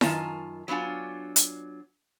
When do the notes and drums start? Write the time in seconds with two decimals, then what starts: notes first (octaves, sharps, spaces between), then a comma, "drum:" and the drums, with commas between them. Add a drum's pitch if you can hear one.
0.01 F#2 D#3 F4 G#5 A5, drum: snare E4
0.68 F#3 B3 D4 F4 G#5
1.36 drum: hi-hat